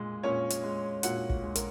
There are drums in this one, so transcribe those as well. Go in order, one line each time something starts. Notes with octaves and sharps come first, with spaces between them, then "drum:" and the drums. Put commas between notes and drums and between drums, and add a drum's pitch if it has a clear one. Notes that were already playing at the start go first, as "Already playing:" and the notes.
Already playing: A#2 G#3
A#2 C#4 C#5
drum: hi-hat
G#3
A#2 F#4 F#5, drum: hi-hat
drum: kick
G#3
A#4, drum: hi-hat